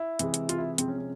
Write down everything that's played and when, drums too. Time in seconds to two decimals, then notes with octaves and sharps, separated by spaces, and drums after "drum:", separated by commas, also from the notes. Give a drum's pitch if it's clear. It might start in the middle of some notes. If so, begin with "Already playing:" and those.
Already playing: E4
0.19 C3 E3 G#3, drum: hi-hat
0.34 drum: hi-hat
0.49 F4, drum: hi-hat
0.58 E4
0.78 C3 F3 G#3 C4, drum: hi-hat
0.88 C#4
0.98 C#4